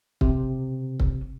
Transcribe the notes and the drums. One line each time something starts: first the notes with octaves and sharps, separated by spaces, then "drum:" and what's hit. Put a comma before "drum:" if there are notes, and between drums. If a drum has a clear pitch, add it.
C3, drum: kick C#1
drum: kick C#1